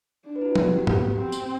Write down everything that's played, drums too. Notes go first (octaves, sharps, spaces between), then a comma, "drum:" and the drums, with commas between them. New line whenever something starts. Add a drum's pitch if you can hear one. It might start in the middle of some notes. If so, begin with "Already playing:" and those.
D4
B4
E4
F#4
B3 F#4, drum: tom F3
G4
F#4
B3 G4, drum: tom G#2
C4
drum: tambourine